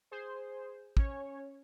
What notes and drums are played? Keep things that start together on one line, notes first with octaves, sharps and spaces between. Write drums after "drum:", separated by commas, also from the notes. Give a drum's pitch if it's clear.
G#4 C5
C#4 C#5, drum: kick